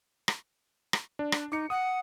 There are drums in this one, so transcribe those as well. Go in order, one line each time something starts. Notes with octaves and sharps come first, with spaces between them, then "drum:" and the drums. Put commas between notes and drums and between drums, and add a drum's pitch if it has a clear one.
drum: rim click
drum: rim click
D4
drum: rim click
D#4 D6 C#7
F#5 D#6